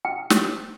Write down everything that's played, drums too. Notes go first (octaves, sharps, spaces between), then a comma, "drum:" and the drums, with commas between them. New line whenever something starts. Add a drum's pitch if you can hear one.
G5
drum: snare